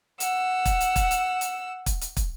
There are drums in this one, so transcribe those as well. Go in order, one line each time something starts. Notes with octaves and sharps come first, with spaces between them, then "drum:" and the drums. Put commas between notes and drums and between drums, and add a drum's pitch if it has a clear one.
F#5 E6, drum: hi-hat
drum: kick, hi-hat
drum: hi-hat
drum: kick, hi-hat
drum: hi-hat
drum: hi-hat
drum: kick, hi-hat
drum: hi-hat
drum: kick, hi-hat